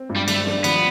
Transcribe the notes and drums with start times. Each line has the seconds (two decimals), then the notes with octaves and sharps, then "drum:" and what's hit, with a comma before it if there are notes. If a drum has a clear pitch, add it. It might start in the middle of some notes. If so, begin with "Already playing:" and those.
Already playing: C4
0.10 G2
0.16 G3
0.28 G3 A3, drum: cymbal
0.46 D4, drum: snare
0.64 F3 B3, drum: cymbal